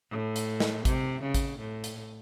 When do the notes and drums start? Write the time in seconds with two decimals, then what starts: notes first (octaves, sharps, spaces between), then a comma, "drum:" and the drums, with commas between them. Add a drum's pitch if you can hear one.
0.11 A2
0.36 drum: hi-hat
0.60 drum: snare
0.85 C3, drum: kick A1, hi-hat
1.22 C#3
1.34 drum: kick A1, hi-hat
1.59 A2
1.84 drum: hi-hat